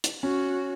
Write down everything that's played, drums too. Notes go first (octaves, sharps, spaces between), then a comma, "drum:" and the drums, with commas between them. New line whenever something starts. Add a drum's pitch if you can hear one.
drum: hi-hat
C#4 F#4